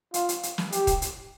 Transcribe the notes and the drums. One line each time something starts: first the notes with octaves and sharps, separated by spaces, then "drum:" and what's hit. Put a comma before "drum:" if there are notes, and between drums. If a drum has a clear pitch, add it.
F4, drum: hi-hat
drum: hi-hat
drum: hi-hat
drum: snare
G4, drum: hi-hat
drum: kick D#1, hi-hat
drum: hi-hat